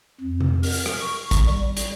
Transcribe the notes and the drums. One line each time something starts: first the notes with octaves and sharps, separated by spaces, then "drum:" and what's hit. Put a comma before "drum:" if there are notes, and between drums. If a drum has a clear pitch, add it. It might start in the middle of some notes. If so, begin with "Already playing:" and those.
F2
drum: tom C3
A#4, drum: open hi-hat
drum: rim click
C#6
drum: kick, hi-hat
G3
drum: hi-hat